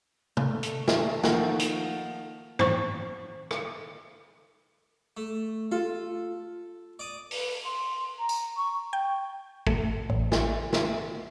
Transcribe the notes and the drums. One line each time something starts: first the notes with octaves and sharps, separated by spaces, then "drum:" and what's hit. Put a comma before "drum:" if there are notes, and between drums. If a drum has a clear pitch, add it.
A3, drum: tom
drum: hi-hat
drum: snare
D#3 F3 A#3 D#4 A#4 F#5, drum: snare
drum: hi-hat
C5 C#6, drum: tom G2
drum: rim click
A3
F4 A4
D5 D6 D#6
B4, drum: open hi-hat
C6
A#5
drum: tambourine
C#6
G5
A3, drum: kick
A1
drum: snare
drum: snare